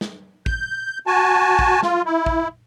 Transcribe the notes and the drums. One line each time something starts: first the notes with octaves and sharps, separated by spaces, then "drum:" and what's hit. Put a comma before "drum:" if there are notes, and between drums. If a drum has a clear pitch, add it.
drum: snare
G6, drum: kick
F#4 G#5 A5
drum: kick
F4, drum: snare
E4
drum: kick